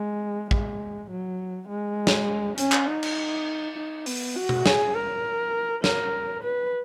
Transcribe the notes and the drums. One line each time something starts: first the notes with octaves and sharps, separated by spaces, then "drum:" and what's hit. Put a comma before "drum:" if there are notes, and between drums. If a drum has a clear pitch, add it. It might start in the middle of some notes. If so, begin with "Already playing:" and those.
Already playing: G#3
G#3, drum: kick
F#3
G#3
drum: snare
C#4, drum: hi-hat
drum: clap
D#4
drum: cymbal
D#4
B3, drum: open hi-hat
F#4
drum: tom B2
G#4, drum: snare
A#4
A#4, drum: snare
B4